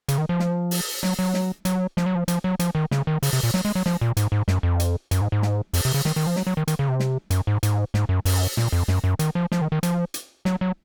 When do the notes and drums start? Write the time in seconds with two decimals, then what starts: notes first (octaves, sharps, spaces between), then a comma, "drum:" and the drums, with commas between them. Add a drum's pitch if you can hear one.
0.08 C#3, drum: hi-hat
0.18 D#3
0.29 F3
0.40 drum: snare
0.71 drum: open hi-hat
1.03 F#3, drum: snare
1.19 F#3
1.34 drum: snare
1.65 F#3, drum: hi-hat
1.97 F3, drum: snare
2.06 F#3
2.15 F3
2.28 F3, drum: hi-hat
2.44 F#3
2.59 F3, drum: hi-hat
2.75 D#3
2.91 C#3, drum: snare
3.07 D#3
3.23 C#3, drum: open hi-hat
3.33 C3
3.43 A#2
3.54 F#3, drum: snare
3.65 G#3
3.75 F#3
3.86 F3, drum: snare
4.01 A#2
4.17 G#2, drum: hi-hat
4.32 G#2
4.48 F#2, drum: snare
4.63 F2
4.80 drum: hi-hat
5.11 F#2, drum: hi-hat
5.21 G#2
5.32 G#2
5.42 drum: snare
5.73 F2, drum: open hi-hat
5.85 C3
5.94 C#3
6.05 D#3, drum: snare
6.16 D#3
6.26 F3
6.36 F#3, drum: snare
6.47 F#3
6.57 D#3
6.68 D#3, drum: hi-hat
6.79 C#3
6.89 C3
7.00 drum: snare
7.30 F#2, drum: hi-hat
7.47 G#2
7.63 G#2, drum: hi-hat
7.94 G#2, drum: snare
8.09 F#2
8.25 F#2, drum: open hi-hat
8.57 A#2, drum: snare
8.72 F2
8.88 F#2, drum: snare
9.04 F#2
9.19 D#3, drum: hi-hat
9.35 F3
9.52 F3, drum: snare
9.61 D#3
9.72 D#3
9.83 F3, drum: hi-hat
10.14 drum: hi-hat
10.45 F#3, drum: snare
10.61 F#3